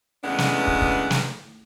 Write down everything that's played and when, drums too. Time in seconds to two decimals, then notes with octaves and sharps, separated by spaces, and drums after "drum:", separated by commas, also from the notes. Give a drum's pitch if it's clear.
0.24 E2 C#3 G#3 A3 B3 D4
0.38 drum: snare
0.67 drum: kick
0.82 drum: kick
1.11 drum: snare